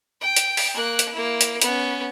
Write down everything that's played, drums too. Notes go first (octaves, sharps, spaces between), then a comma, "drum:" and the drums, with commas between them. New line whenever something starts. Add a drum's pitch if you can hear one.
G5
drum: hi-hat
drum: open hi-hat
A#3 F#6
drum: hi-hat
A#3 E4
drum: hi-hat
B3 C#4, drum: hi-hat